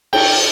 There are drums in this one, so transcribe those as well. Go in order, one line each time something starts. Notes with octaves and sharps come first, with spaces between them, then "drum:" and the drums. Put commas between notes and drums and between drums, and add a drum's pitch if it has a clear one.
G5, drum: cymbal